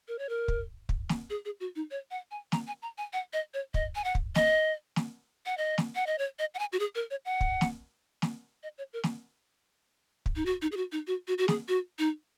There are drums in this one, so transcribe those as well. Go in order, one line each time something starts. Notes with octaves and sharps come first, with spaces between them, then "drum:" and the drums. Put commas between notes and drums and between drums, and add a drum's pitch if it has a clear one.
A#4
C#5
A#4
drum: kick
drum: kick
drum: snare
G#4
G#4
F#4
D#4
C#5
F#5
G#5
A#5, drum: snare
G#5
A#5
G#5
F#5
D#5
C#5
D#5, drum: kick
G#5
F#5
drum: kick
D#5, drum: snare
drum: snare
F#5
D#5
drum: snare
F#5
D#5
C#5
D#5
F#5
G#5
F#4
G#4
A#4
C#5
F#5
drum: kick
drum: snare
drum: snare
D#5
C#5
A#4
drum: snare
drum: kick
D#4
F#4
D#4
G#4
F#4
D#4
F#4
F#4
F#4
G#4, drum: snare
F#4
D#4